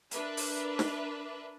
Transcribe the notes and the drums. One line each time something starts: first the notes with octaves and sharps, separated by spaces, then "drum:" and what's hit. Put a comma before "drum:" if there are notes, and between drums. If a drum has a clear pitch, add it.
D4 A#4 B4 E5, drum: hi-hat
drum: open hi-hat
drum: snare